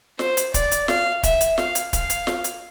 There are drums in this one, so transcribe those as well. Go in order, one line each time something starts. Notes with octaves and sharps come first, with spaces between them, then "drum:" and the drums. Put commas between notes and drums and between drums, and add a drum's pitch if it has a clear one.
C5, drum: snare
drum: hi-hat
D5, drum: kick, hi-hat
drum: hi-hat
F5, drum: snare
E5, drum: kick, hi-hat
drum: hi-hat
F5, drum: snare
drum: hi-hat
F5, drum: kick, hi-hat
drum: hi-hat
drum: snare
drum: hi-hat